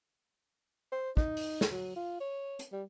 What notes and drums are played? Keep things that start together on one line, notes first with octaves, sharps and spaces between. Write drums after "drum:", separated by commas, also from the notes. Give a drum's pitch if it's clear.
C5
D#4, drum: kick
drum: open hi-hat
drum: snare
F#3
F4
C#5
drum: hi-hat
G3